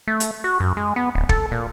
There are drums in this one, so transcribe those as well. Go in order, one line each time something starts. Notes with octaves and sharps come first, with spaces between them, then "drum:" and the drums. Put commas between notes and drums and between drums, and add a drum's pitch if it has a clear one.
A3
drum: hi-hat
F#4
F#2
G#3
B3
D1
A4, drum: kick
A#2